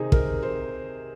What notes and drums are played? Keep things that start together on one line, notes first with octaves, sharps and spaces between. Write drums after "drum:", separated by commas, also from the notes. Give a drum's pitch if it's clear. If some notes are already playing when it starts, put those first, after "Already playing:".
Already playing: C3 D#3 C4 D#4 G#4
A#4, drum: kick
C5